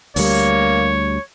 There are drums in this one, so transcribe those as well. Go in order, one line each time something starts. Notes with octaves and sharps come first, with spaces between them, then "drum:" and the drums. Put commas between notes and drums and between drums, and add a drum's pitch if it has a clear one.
D2 G3 A#3 C#5, drum: open hi-hat